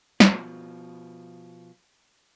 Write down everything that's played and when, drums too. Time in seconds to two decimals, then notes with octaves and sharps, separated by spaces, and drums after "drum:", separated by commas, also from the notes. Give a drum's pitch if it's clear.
0.20 B2 F3, drum: snare